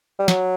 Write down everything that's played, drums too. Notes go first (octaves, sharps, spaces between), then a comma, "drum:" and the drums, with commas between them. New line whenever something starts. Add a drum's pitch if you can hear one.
G3
F#3, drum: snare